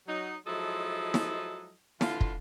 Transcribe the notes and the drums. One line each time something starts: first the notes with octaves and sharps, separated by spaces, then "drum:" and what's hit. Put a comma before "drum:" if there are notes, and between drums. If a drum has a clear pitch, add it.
F#3 D#4
F3 F#3 G#3 E4 A4 D#5
drum: snare
A2 D3 E3 F4, drum: snare
drum: kick